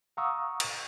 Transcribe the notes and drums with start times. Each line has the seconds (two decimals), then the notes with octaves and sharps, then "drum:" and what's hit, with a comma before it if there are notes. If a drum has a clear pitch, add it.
0.17 F5 F#5 A#5 C#6 D#6 E6
0.60 drum: cymbal